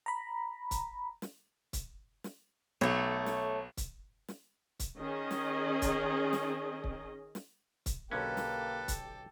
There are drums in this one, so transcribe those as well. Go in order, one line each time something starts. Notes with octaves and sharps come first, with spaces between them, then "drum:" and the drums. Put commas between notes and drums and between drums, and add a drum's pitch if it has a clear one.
A#5 B5
drum: kick C#1, hi-hat
drum: snare
drum: kick C#1, hi-hat
drum: snare
B1 A3 C#5
drum: snare
drum: kick C#1, hi-hat
drum: snare
drum: kick C#1, hi-hat
D#3 C#4 G#4 D#5
drum: snare
drum: kick C#1, hi-hat
drum: snare
drum: kick C#1
drum: snare
drum: kick C#1, hi-hat
B1 D3 A#3 C#4 G4 A4 B4
drum: snare
drum: kick C#1, hi-hat